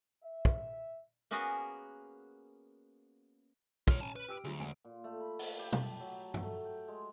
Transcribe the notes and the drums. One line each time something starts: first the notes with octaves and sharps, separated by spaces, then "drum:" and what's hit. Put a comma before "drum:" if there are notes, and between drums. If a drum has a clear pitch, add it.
E5
drum: kick
A#3 B3 C#4 F#4 G#4 A#4
F4 C#5 F6, drum: kick
C#4 G#5 A5
B4
G4 E6 D7
D2 F#3 G#4
E1 G#5 D7
A#2
A3
B5
F5, drum: open hi-hat
G4
A5, drum: tom
F#3
A3, drum: tom G2
G5
G#3